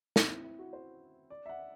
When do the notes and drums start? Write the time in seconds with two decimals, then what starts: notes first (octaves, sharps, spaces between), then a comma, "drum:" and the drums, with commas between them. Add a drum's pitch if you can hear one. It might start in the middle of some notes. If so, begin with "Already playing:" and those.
0.16 C4, drum: snare
0.31 E4
0.44 E4
0.59 F#4
0.73 C5
1.30 D5
1.46 E5
1.49 F#5